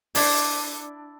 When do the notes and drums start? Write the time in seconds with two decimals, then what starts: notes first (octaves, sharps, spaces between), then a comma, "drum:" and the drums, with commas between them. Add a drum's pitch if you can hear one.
0.15 D4 E4, drum: open hi-hat